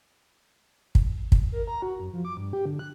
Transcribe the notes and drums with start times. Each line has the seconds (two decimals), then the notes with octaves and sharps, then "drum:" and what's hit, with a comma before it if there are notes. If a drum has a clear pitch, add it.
0.95 drum: kick
1.32 drum: kick
1.52 A#4
1.67 A#5
1.82 F#4
2.00 F#2
2.13 F3
2.25 D6
2.37 G2
2.53 G4
2.66 D3
2.79 F#6